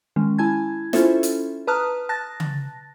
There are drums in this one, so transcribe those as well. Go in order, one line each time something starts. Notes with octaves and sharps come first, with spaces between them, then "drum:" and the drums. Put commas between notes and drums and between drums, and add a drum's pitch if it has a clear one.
D#3 G#3 C#4
E4 G#5 A5 G#6
C#4 E4 F4 A4 C5 E5, drum: snare
drum: hi-hat
B4 A5 A#5 D#6 F6 F#6
A5 F#6 A6 A#6
drum: tom C#3